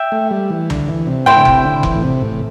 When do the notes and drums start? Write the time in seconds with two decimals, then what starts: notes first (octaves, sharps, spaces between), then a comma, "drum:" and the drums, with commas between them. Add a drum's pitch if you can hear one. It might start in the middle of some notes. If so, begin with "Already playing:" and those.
Already playing: E5 G5
0.12 A3
0.31 G3
0.50 E3
0.70 D3, drum: tom C#2
0.88 E3
1.07 C3
1.26 A2 E4 C5 G5
1.36 D3
1.45 C3, drum: kick F1
1.65 D3
1.83 E3, drum: kick F1
1.96 A2
2.03 C3
2.22 A2